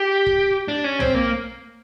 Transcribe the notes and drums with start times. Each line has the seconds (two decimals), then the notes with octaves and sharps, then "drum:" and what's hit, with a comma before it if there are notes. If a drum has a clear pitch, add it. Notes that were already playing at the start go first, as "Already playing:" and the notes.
Already playing: G4
0.26 drum: kick
0.68 D4
0.84 C#4
1.00 C4, drum: tom
1.15 A#3